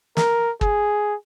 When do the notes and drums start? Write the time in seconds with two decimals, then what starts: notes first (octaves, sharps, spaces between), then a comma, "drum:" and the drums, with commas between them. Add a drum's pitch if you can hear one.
0.17 A#4, drum: snare
0.61 G#4, drum: kick